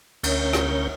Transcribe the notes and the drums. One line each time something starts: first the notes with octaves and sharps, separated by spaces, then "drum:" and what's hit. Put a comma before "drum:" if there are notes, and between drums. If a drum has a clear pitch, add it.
D2 C#4 A#4 C#5 G6, drum: cymbal
drum: rim click